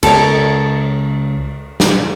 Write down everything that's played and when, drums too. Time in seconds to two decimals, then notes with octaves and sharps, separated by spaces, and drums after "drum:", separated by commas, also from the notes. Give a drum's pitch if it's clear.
0.03 C#2 A4 A#4 C#5, drum: cymbal
1.80 drum: snare